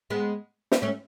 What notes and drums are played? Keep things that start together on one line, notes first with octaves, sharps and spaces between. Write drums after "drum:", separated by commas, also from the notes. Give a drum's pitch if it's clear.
G#3 B3
drum: snare
A3 C#4